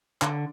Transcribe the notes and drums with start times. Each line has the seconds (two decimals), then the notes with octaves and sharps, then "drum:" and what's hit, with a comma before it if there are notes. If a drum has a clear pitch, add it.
0.22 D3, drum: clap